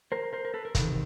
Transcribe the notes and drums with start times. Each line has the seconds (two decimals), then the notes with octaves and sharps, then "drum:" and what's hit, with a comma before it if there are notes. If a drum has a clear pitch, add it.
0.12 A#4 C5
0.33 A#4 C5
0.45 A#4
0.54 A4 B4
0.65 A#4
0.75 E2 C3 D#3 B4, drum: kick, hi-hat